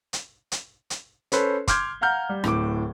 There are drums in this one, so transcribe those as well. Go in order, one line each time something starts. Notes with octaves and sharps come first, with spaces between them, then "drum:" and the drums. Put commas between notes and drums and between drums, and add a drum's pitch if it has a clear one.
drum: hi-hat
drum: hi-hat
drum: hi-hat
C#4 A4 B4 C5, drum: hi-hat
C6 D6 F6 G6 G#6, drum: kick, hi-hat
F5 F#5 A#5 F6 G6
G3
D1 A2 D6, drum: rim click